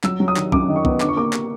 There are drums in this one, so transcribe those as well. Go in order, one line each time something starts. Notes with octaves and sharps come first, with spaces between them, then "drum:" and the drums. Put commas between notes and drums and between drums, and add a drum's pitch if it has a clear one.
F#3 E6, drum: clap
F#3
D#6
D#3, drum: clap
F#2 D6, drum: kick
D#3
C#6
B3, drum: kick
D3 D6, drum: clap
C#6
A#3 D6
drum: clap